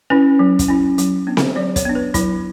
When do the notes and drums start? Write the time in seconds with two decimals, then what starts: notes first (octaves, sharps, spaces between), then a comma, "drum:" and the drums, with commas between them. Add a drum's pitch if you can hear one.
0.10 C#4 E4 B4
0.39 F#3
0.59 drum: kick, hi-hat
0.69 C#4 E4
0.98 F#3, drum: hi-hat
1.27 B3 D4
1.37 drum: snare C4
1.56 F#3 D5
1.76 C#5, drum: kick, hi-hat
1.86 B3 D4
1.95 B4
2.14 F#3 E4, drum: kick, hi-hat